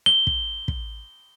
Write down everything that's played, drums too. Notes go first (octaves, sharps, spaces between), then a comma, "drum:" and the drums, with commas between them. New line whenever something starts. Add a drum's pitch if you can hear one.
G7
drum: kick
drum: kick